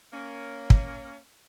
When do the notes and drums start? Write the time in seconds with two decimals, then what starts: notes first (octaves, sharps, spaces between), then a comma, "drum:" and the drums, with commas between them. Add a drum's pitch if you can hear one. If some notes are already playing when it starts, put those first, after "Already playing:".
0.12 A#3 C#4
0.70 drum: kick